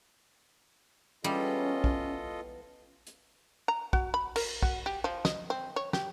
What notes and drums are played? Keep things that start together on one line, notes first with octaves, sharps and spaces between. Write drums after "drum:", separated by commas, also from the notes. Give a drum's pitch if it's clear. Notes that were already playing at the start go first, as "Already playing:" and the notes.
E3 G3 G#3 B3 C#4 F4 A4 D#5
drum: kick
drum: hi-hat
A#5
F#4, drum: kick
B5
A#4, drum: cymbal
F#4, drum: kick
G4
F3
D#5, drum: snare
C4
C#5
G4, drum: snare